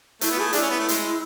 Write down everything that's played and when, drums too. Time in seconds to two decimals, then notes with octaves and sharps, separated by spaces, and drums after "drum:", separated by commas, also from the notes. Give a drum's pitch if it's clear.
0.21 A3 E4, drum: hi-hat
0.31 B3
0.38 A3 G#4
0.53 D4 E4, drum: hi-hat
0.61 C#4
0.70 B3
0.79 A3
0.88 G#3, drum: hi-hat